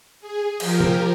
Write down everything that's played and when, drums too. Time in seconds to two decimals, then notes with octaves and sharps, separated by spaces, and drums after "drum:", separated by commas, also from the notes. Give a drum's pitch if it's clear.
0.20 G#4
0.60 F3 G4 A#4, drum: cymbal
0.80 drum: tom C3